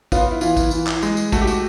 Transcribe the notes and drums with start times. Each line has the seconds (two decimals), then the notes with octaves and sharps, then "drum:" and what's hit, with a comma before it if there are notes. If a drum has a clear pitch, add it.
0.12 B3 F4, drum: kick A1, tambourine
0.31 E4
0.41 E3 F4, drum: tambourine
0.57 drum: kick A1, tambourine
0.71 E3, drum: tambourine
0.87 drum: clap
1.02 G#3, drum: tambourine
1.17 drum: tambourine
1.32 A3 F#4, drum: kick A1, tambourine
1.42 G4
1.47 F#4, drum: tambourine